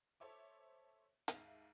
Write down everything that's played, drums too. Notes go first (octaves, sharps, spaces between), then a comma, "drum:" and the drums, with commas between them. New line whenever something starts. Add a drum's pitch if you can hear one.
A4 C5 C#5 E5 D6
D#2 G#2 E5 F5, drum: hi-hat